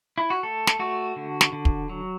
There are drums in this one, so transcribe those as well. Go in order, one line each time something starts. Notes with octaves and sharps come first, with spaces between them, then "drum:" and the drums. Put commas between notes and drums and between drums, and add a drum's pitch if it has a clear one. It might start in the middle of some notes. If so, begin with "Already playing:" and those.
E4
F#4
A3 A4
drum: snare
A3 F#4
D3
drum: snare
D3
drum: kick
F#3